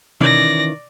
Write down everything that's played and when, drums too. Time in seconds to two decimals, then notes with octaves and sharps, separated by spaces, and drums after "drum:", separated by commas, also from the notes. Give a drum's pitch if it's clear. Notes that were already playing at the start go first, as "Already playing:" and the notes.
0.21 D#3 E3 C#4 D5 A#6, drum: tom B2